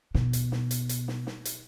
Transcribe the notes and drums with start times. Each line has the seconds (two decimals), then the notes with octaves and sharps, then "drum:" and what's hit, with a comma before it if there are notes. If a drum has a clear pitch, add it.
0.15 B2, drum: snare
0.33 drum: hi-hat
0.52 drum: snare
0.71 drum: hi-hat
0.89 drum: hi-hat
1.08 drum: snare
1.27 drum: snare
1.45 drum: hi-hat